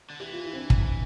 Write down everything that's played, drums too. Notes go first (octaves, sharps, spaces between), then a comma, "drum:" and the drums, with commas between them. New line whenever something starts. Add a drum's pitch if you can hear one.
D3
E3 G4
F4
E4
C4
D4
drum: kick